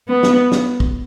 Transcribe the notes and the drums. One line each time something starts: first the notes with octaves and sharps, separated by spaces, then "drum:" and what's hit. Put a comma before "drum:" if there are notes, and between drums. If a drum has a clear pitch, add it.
B3
drum: snare
drum: snare
drum: kick